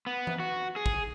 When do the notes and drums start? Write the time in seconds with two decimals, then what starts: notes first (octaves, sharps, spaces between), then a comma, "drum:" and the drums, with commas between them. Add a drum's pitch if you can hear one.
0.06 B3
0.27 drum: tom E3
0.40 F#4
0.76 G#4
0.86 drum: kick